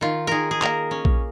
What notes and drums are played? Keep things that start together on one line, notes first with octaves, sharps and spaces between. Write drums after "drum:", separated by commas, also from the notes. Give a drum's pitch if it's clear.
D#3 F4
D#3 G#4 A#4
G#4
A#3 A#4, drum: clap
C#4
drum: kick A#1